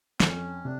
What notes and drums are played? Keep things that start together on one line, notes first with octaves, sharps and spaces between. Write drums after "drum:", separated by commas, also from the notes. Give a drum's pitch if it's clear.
C4, drum: snare
F2 C#4
C3 D4